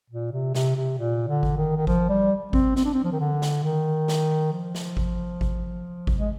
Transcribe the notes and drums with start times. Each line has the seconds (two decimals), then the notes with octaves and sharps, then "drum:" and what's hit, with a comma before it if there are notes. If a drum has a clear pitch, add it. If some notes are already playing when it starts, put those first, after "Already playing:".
0.10 A#2
0.33 C3
0.55 C3, drum: snare
0.76 C3
0.99 A#2
1.28 D3
1.43 drum: kick G#1
1.58 D#3
1.76 D#3
1.87 F3, drum: kick G#1
2.09 G3
2.53 C4, drum: kick G#1
2.76 C4, drum: snare
2.85 D4
2.94 C4
3.04 F3
3.12 D#3
3.20 D3
3.42 drum: snare
3.64 D#3
4.08 drum: snare
4.52 F3
4.75 drum: snare
4.97 drum: kick G#1
5.41 drum: kick G#1
6.07 drum: kick G#1
6.18 G#3